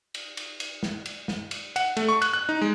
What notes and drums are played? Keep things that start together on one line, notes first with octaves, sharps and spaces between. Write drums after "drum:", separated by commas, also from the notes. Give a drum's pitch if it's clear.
drum: cymbal
drum: cymbal
drum: cymbal
drum: snare
drum: cymbal
drum: snare
drum: cymbal
F#5, drum: cymbal
A3, drum: cymbal
C#6
F#6, drum: cymbal
F#6
D#4
G#3